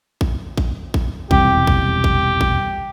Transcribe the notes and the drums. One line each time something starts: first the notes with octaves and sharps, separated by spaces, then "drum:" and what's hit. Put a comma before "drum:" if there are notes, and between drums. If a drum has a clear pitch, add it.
drum: kick A#1
drum: kick A#1
drum: kick A#1
E1 C2 G4, drum: kick A#1
drum: kick A#1
drum: kick A#1
drum: kick A#1